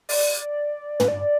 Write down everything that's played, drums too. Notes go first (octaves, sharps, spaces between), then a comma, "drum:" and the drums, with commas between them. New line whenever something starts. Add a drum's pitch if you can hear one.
D5, drum: open hi-hat
B4, drum: tom
D5